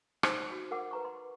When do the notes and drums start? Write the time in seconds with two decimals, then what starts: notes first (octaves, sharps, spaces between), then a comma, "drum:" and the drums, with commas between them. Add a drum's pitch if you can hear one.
0.23 D#4 C5, drum: rim click
0.51 F#4
0.71 A#4 F#5 D6
0.91 B4 A#5 C#6
1.05 C6